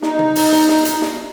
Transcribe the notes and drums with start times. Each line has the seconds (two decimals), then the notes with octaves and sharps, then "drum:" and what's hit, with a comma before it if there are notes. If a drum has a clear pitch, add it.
0.02 D#4, drum: snare
0.19 drum: tom
0.35 drum: open hi-hat
0.52 drum: snare
0.69 drum: snare
0.85 drum: hi-hat
1.02 drum: snare